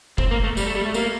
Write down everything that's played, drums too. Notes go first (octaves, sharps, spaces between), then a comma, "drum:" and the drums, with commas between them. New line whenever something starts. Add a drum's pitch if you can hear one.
C4, drum: kick
A#3
A3
G3, drum: tambourine
A3
G3
A3
A#3, drum: tambourine